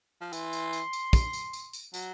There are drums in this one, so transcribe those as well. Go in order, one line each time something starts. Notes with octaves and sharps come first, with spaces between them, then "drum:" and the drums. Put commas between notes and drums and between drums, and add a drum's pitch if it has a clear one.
F3
E3 C6, drum: tambourine
drum: tambourine
drum: tambourine
drum: tambourine
drum: kick, tambourine
drum: tambourine
drum: tambourine
drum: tambourine
F#3, drum: tambourine